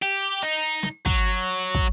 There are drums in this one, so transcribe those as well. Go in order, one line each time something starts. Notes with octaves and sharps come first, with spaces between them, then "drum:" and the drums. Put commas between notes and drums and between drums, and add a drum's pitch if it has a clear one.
G4
D#4
drum: snare
F#3, drum: kick
drum: kick